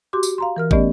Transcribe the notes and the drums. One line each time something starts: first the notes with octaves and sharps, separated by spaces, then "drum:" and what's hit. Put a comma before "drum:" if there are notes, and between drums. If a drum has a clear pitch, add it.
F#4 G4 C6 D6
drum: tambourine
F5 A#5 C6
E3 A#4 F6
A3 B3 C#4 G4 D5 D#5, drum: kick